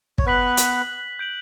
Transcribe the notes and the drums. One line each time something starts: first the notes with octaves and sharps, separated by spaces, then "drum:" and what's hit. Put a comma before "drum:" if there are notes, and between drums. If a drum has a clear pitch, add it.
C#5, drum: kick
B3 B4 F#6 B6 F#7
drum: hi-hat
G6 D7 F#7